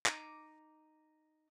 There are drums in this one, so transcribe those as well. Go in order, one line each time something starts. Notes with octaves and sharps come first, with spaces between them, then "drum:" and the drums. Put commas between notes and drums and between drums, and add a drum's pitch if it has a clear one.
D#4 D6, drum: clap